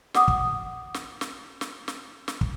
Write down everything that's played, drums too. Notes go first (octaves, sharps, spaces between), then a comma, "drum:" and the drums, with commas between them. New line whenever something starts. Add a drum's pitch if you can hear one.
F#4 F#5 D6 D#6, drum: snare
drum: kick
drum: snare
drum: snare
drum: snare
drum: snare
drum: snare
drum: kick